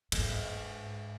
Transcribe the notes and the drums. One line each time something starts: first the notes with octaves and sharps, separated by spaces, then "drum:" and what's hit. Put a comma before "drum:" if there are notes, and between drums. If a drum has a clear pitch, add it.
A2, drum: cymbal
G#2